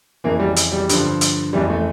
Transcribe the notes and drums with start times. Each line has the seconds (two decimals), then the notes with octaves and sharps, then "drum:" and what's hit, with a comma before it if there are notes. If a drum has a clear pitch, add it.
0.24 F2 C#3 E3 A#3
0.40 G3
0.56 drum: hi-hat
0.72 G3
0.89 G2 D3 F3, drum: hi-hat
1.21 drum: hi-hat
1.53 F2 C#3 E3 G3
1.70 A3